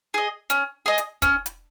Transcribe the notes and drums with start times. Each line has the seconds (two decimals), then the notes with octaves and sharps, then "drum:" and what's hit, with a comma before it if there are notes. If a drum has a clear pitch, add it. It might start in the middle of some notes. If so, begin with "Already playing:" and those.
0.14 G#4 D#5
0.50 C#4, drum: hi-hat
0.86 G#4 D#5
0.98 drum: hi-hat
1.22 C#4, drum: kick, hi-hat
1.46 drum: hi-hat